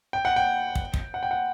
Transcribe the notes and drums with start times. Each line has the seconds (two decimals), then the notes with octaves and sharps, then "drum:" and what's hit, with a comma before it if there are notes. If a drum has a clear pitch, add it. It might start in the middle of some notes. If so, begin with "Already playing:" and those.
0.13 G5
0.25 F#5
0.36 G5
0.75 drum: kick
0.94 drum: kick
1.14 F#5
1.23 G5
1.31 F#5